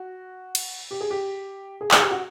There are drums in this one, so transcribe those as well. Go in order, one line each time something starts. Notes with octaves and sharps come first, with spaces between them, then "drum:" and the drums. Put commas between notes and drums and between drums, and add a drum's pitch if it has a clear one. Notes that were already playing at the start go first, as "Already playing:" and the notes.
Already playing: F#4
drum: cymbal
G4
G#4
G4
G#4
G#4, drum: clap
G4
F#4